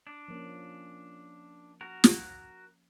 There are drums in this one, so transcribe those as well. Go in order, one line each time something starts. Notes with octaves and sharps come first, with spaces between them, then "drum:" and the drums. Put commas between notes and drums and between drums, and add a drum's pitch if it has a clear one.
D4
F3 A#3 C#4
F#4 A#4
drum: snare